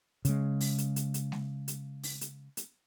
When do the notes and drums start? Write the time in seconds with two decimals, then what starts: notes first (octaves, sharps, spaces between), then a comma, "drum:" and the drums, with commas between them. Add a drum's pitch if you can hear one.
0.25 C#3 G#3, drum: hi-hat
0.60 drum: open hi-hat
0.78 drum: hi-hat
0.96 drum: hi-hat
1.14 drum: hi-hat
1.32 drum: snare G#3
1.68 drum: hi-hat
2.03 drum: open hi-hat
2.21 drum: hi-hat
2.57 drum: hi-hat